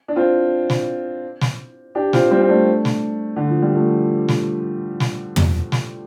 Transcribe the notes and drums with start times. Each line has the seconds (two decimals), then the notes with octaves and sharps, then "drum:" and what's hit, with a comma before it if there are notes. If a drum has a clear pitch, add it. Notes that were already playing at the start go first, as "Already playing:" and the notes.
0.08 D4
0.16 C4 F4
0.70 drum: snare
1.41 drum: snare
1.95 D4 G4
2.13 C4 F4, drum: snare
2.31 G3 C4
2.41 C4
2.49 A3 D4
2.85 drum: snare
3.36 D3
3.49 F3
3.62 G3
3.75 F3 A3
4.28 drum: snare
5.00 drum: snare
5.36 drum: tom
5.72 drum: snare